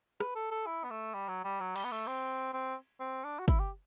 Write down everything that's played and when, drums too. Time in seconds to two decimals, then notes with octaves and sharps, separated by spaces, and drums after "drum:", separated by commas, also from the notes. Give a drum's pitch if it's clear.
0.20 B4, drum: rim click
0.35 A4
0.51 A4
0.66 E4
0.84 B3
0.90 A3
1.14 G3
1.29 F#3
1.45 G3
1.61 F#3
1.76 G3, drum: cymbal
1.84 B3
1.92 A3
2.07 C4
2.54 C4
3.00 C4
3.24 D4
3.39 F#4
3.48 E4, drum: kick
3.60 G4